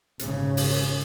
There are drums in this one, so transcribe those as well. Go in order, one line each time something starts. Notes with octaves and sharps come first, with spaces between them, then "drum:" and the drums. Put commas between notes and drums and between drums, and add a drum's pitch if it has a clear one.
G#1 C#3, drum: hi-hat
drum: open hi-hat